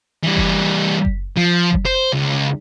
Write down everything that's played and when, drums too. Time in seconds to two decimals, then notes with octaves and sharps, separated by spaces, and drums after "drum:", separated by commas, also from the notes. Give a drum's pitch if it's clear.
0.23 E3 G3
0.37 drum: kick F#1
1.05 drum: kick F#1
1.37 F3
1.73 drum: kick F#1
1.86 C5
2.13 C#2